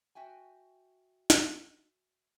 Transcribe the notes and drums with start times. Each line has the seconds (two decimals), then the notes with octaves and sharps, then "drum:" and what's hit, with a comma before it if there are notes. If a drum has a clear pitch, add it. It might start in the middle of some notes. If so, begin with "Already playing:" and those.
0.15 F#4 E5 G5 G#5
1.30 drum: snare